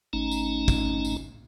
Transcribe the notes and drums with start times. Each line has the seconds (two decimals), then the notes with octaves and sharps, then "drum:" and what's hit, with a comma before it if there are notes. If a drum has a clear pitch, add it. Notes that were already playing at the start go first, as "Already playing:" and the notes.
0.13 G#1 A3 C#4 D#4 A#5
0.31 drum: tambourine
0.68 drum: kick, tambourine
1.05 drum: tambourine